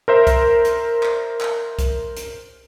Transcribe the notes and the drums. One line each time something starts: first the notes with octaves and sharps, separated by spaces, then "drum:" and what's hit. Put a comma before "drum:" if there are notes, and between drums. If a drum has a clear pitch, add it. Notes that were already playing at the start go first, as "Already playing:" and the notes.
A#4 C5 E5
drum: kick C2, hi-hat
drum: hi-hat
drum: clap
drum: clap
drum: kick C2, hi-hat
drum: hi-hat